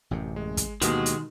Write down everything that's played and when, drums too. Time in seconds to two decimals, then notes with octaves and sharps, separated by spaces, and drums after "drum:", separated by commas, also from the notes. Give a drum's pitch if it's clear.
0.11 A1 F#2 C3
0.36 G#3
0.57 drum: kick, hi-hat
0.82 D2 B2 D#3 E3 G#3 A#3 F#4 G4, drum: hi-hat
1.06 drum: hi-hat